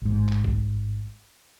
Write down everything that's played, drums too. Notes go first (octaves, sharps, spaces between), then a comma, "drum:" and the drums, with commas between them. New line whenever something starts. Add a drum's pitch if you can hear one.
A1 G#2
drum: clap
drum: kick